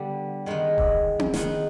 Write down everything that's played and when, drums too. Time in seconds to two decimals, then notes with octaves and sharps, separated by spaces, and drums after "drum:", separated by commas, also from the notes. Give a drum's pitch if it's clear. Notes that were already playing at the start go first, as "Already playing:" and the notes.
Already playing: D3 G3 B3
0.46 D#3 G#3 B3
0.78 drum: kick D#1
1.19 drum: tom C4
1.34 D#3 G#3 B3, drum: snare